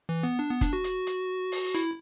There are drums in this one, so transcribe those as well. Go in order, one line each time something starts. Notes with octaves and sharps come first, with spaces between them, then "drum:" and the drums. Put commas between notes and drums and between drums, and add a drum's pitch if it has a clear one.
E3
B3
D4
B3
D4, drum: kick, hi-hat
F#4
drum: hi-hat
drum: hi-hat
drum: open hi-hat
E4, drum: hi-hat